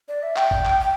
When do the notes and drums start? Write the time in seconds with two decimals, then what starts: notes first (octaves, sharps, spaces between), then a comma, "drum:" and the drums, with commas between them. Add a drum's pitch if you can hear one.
0.08 D5
0.23 E5
0.36 G5, drum: clap
0.51 drum: kick G1
0.66 drum: clap
0.80 G5